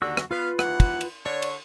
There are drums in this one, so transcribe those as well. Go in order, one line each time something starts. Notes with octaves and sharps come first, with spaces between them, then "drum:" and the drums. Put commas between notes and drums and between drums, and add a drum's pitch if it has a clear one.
D#2 D3 F#4 E6
drum: rim click
B3 F4 B4 F5
D#2 E3 F#5, drum: rim click
drum: kick, cymbal
drum: cymbal
D3 C#5 D5
drum: cymbal